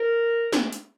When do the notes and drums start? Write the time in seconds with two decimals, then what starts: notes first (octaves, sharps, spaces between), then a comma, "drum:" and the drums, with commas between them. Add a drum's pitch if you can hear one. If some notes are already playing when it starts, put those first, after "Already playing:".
Already playing: A#4
0.53 drum: snare
0.73 drum: hi-hat